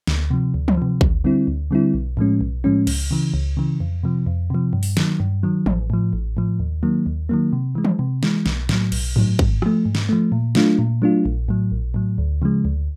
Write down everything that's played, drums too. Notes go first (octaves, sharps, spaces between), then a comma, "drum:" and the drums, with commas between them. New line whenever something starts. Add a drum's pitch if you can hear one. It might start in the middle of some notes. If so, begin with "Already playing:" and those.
D2, drum: snare
C3 F3
D2
drum: tom E3
C3 F3
D2, drum: kick
D3 G3 C4 E4
D2
D3 G3 C4 E4
B1
A2 F3 G#3 C#4
B1
A2 F3 G#3 C#4
C#2, drum: cymbal
C#3 E3
C#2
C#3 E3
F2
C3 F3
F2
C3 F3
G2
drum: open hi-hat
D#3 F#3, drum: snare
G2
D#3 F#3
A1, drum: tom E3
A2 F3
A1
A2 F3
D#2
D#3 F#3 A#3
D#2
D#3 F#3 A#3
C3
E3 G#3
drum: tom E3
C3
E3 G#3, drum: snare
B1, drum: snare
A2 F#3, drum: snare
B1, drum: cymbal
A2 F#3, drum: tom G2
G#2, drum: kick
F3 A3, drum: rim click
G#2
drum: snare
F3 A3
A#2
F#3 A3 D4 F4, drum: snare
A#2
F#3 A3 D4 F4
A#1
A2 F#3
A#1
A2 F#3
D2
C#3 F3 G#3
D2